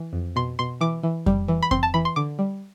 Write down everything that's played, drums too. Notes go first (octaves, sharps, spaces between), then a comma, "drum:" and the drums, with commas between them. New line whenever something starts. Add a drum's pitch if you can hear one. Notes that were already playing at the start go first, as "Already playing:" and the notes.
Already playing: E3
F2
B2 C6
B2 C6
E3 D6
E3
G3, drum: kick F2
E3
B5
C4 C6, drum: kick F2
A5
E3 B5
C6
D3 D6
G3